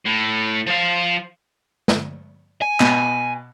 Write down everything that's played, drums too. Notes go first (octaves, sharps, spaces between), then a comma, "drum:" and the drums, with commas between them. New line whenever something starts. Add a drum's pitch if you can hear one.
A2
F3 F5
drum: snare
G#5
B2, drum: clap